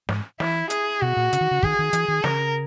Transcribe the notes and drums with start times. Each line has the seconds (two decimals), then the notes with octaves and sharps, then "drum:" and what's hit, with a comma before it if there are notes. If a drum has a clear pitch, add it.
0.09 G#2, drum: snare
0.40 E3 E4, drum: snare
0.70 G#4, drum: hi-hat
1.01 B2 F#4
1.17 A#2
1.33 C#3, drum: hi-hat
1.41 D#3
1.51 C#3
1.63 D#3 G#4, drum: kick
1.79 D#3
1.93 E3, drum: hi-hat
2.08 D#3
2.24 C#3 A#4, drum: snare